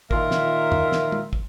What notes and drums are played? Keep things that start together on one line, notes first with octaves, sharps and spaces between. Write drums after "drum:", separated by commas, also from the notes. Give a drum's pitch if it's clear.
A#2 D#3 F4 A#4 E5, drum: kick
drum: snare
drum: tom F2
drum: snare
drum: tom
drum: kick